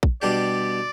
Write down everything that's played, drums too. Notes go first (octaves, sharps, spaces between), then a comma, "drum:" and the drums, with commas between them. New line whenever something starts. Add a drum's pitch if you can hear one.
drum: kick A#1
B2 G3 D4 G4 D5